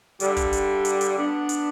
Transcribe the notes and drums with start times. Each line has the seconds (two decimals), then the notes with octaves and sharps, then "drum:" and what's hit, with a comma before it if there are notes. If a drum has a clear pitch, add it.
0.20 G2 D3 G3, drum: hi-hat
0.37 drum: kick, hi-hat
0.53 drum: hi-hat
0.85 drum: hi-hat
1.01 drum: hi-hat
1.17 D3 B3 D4
1.49 drum: hi-hat